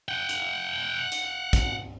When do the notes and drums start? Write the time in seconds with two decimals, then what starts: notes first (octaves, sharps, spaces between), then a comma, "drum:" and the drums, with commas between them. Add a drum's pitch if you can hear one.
0.09 F#5 G5
0.29 drum: hi-hat
1.12 drum: hi-hat
1.53 drum: kick, hi-hat